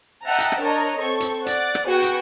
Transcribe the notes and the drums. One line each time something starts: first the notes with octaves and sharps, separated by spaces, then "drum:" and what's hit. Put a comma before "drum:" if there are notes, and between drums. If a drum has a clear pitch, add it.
D#5 E5 F#5 G5 A5 A#5
drum: hi-hat
drum: rim click
D4 A#4 C#5 D#5 A#5
C4 A4 C#6
drum: hi-hat
D5 F#5, drum: hi-hat
drum: rim click
B3 F#4 G#4 G5 C#6
drum: hi-hat